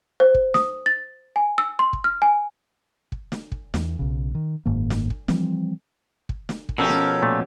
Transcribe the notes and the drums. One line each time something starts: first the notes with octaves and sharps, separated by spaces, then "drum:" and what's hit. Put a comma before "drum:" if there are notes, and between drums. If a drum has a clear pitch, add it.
C5
drum: kick
D#6, drum: snare
A6
G#5
E6
C6
drum: kick
F6
G#5
drum: kick
drum: snare
drum: kick
E2, drum: snare
B1 C#3
D#3
F#1 G#2 D#3 A#3
drum: snare
drum: kick
E3 F3 G3 C4, drum: snare
drum: kick
drum: snare
drum: kick
B2 F3 C#4 G4 A4 A#4
drum: snare
A#2 A3